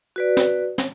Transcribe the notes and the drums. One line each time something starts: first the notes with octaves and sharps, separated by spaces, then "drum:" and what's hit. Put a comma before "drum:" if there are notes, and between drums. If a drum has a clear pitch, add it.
F#4 B4 D5
drum: snare
drum: snare